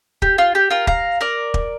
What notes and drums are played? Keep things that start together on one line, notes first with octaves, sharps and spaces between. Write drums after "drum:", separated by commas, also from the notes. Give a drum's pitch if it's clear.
G4, drum: kick
F4
G4
F4 A#4
F5 A#5, drum: kick
A#4 D5
drum: kick